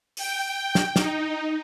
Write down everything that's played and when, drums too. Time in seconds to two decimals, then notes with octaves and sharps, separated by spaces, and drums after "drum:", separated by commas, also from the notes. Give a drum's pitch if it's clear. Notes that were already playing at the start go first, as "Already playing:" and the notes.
0.17 G5, drum: open hi-hat
0.75 drum: snare
0.96 D#4, drum: snare